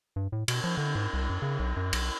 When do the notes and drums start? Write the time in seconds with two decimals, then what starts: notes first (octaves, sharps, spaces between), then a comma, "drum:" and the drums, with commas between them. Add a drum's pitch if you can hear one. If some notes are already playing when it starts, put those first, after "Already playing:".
0.16 G2
0.32 A2
0.48 B2, drum: cymbal
0.64 F3
0.77 D3
0.95 G#2
1.13 C2
1.30 F#2
1.42 C#3
1.59 B1
1.77 F#2
1.93 B1, drum: cymbal